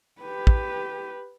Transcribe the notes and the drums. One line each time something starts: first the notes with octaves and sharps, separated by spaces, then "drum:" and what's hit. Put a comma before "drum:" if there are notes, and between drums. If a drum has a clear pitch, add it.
G4 B4
drum: kick